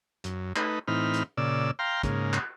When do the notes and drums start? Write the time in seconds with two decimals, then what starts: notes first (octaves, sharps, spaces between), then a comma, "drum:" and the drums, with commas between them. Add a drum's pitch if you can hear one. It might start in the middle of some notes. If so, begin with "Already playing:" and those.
0.24 F#2, drum: hi-hat
0.56 A3 D#4 B4, drum: clap
0.88 A2 E3 C4 D#4 B5 F6
1.14 drum: hi-hat
1.37 A#2 C#3 D5 E6
1.79 F5 G5 A#5 C6
2.03 G#2 C#3 A#3, drum: kick, hi-hat
2.33 drum: clap